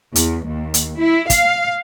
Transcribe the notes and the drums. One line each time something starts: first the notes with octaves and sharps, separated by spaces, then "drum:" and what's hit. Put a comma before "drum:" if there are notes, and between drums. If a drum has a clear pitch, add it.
E2, drum: hi-hat
D#2
drum: hi-hat
E4
F5, drum: kick, hi-hat